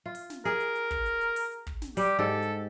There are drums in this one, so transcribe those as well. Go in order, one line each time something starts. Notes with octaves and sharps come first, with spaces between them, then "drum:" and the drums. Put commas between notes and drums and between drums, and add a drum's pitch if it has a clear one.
F4
drum: open hi-hat
drum: snare
G#4 A#4, drum: hi-hat
drum: hi-hat
drum: hi-hat
drum: kick, hi-hat
drum: hi-hat
drum: hi-hat
drum: open hi-hat
drum: hi-hat
drum: kick, hi-hat
drum: snare
G3 G4, drum: open hi-hat
G#2 G4 A4
drum: hi-hat